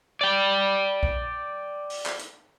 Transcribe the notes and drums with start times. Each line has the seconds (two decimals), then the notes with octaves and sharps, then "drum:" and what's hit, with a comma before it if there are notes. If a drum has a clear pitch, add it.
0.21 D5 G5
1.03 drum: kick A#1
1.90 drum: open hi-hat
2.06 drum: clap
2.19 drum: hi-hat